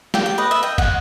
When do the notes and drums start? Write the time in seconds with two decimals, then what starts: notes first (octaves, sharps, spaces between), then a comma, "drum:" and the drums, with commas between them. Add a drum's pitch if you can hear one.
0.14 G4 G5, drum: snare
0.26 G5
0.38 B4 D#5
0.51 E5
0.63 D#5 G5
0.78 F#5, drum: kick, cymbal